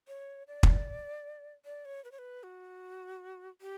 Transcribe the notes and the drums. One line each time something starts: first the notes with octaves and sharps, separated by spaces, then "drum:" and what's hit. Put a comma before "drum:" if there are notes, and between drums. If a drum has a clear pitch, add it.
C#5
D5
drum: kick
D5
C#5
B4
C#5
B4
F#4
G4